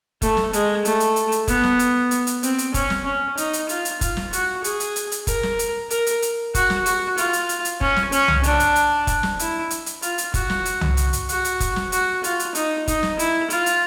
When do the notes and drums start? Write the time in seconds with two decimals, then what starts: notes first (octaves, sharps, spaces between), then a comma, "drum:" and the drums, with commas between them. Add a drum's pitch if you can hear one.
0.22 A3, drum: kick F1, hi-hat
0.37 drum: snare
0.53 G#3, drum: hi-hat
0.85 A3, drum: hi-hat
1.00 drum: hi-hat
1.16 drum: hi-hat
1.32 drum: hi-hat
1.48 B3, drum: kick F1, hi-hat
1.63 drum: snare
1.79 drum: hi-hat
2.11 drum: hi-hat
2.27 drum: hi-hat
2.43 C4, drum: hi-hat
2.58 drum: hi-hat
2.74 C#4, drum: kick F1, hi-hat
2.90 drum: snare
3.05 C#4
3.37 D#4, drum: hi-hat
3.53 drum: hi-hat
3.69 F4, drum: hi-hat
3.85 drum: hi-hat
4.01 F4, drum: kick F1, hi-hat
4.17 drum: snare
4.33 F#4, drum: hi-hat
4.64 G#4, drum: hi-hat
4.80 drum: hi-hat
4.96 drum: hi-hat
5.12 drum: hi-hat
5.27 A#4, drum: kick F1, hi-hat
5.43 drum: snare
5.59 drum: hi-hat
5.90 A#4, drum: hi-hat
6.07 drum: hi-hat
6.22 drum: hi-hat
6.55 F#4, drum: kick F1, hi-hat
6.70 drum: snare
6.86 F#4, drum: hi-hat
7.18 F4, drum: hi-hat
7.33 drum: hi-hat
7.49 drum: hi-hat
7.65 drum: hi-hat
7.81 C#4, drum: kick F1
7.96 drum: snare
8.12 C#4, drum: hi-hat
8.28 drum: tom C2
8.43 D4, drum: hi-hat
8.60 drum: hi-hat
8.76 drum: hi-hat
9.07 drum: kick F1, hi-hat
9.23 drum: snare
9.39 E4, drum: hi-hat
9.70 drum: hi-hat
9.86 drum: hi-hat
10.02 F4, drum: hi-hat
10.18 drum: hi-hat
10.34 F#4, drum: kick F1, hi-hat
10.50 drum: snare
10.65 drum: hi-hat
10.81 drum: tom C2
10.97 drum: hi-hat
11.13 drum: hi-hat
11.29 F#4, drum: hi-hat
11.45 drum: hi-hat
11.60 drum: kick F1, hi-hat
11.76 drum: snare
11.92 F#4, drum: hi-hat
12.24 F4, drum: hi-hat
12.39 drum: hi-hat
12.55 D#4, drum: hi-hat
12.88 D#4, drum: kick F1, hi-hat
13.03 drum: snare
13.19 E4, drum: hi-hat
13.50 F4, drum: hi-hat
13.66 drum: hi-hat